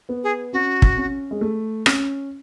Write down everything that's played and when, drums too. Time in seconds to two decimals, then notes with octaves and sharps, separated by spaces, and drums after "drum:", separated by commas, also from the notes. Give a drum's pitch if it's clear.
0.09 B3
0.24 G#4
0.53 C#4 F#4
0.82 drum: kick
0.98 C#4
1.31 G#3
1.41 A3
1.86 C#4, drum: rim click